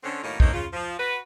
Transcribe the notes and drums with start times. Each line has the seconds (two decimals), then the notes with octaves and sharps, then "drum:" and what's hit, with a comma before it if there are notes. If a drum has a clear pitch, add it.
0.04 D3 C4 C#4
0.22 F#2 A2 D#3 A#3 C#4 D#4
0.40 A3 A#3 C4 C#4 D#4 C#5, drum: kick
0.53 C#3 F4
0.73 F3
0.99 F#4 B4